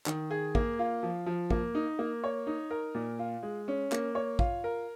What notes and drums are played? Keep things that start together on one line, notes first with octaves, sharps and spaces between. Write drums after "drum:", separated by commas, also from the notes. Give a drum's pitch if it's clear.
D#3, drum: clap
G#4
A#3, drum: kick
F4
F3
F3
A#3, drum: kick
D#4
A#3
C#5
D#4
A#4
A#2
F4
G#3
C#4
A#3, drum: clap
C#5
F4, drum: kick
A#4